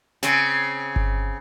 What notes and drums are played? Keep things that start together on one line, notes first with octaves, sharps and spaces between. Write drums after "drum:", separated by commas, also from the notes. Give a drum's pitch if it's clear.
C#3 C4, drum: snare
drum: kick G1